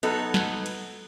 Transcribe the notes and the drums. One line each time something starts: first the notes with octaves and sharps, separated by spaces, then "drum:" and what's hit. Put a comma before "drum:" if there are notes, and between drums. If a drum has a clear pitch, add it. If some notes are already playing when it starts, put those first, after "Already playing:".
F#3 B3 D#4 F#4 A4, drum: cymbal
drum: snare
drum: cymbal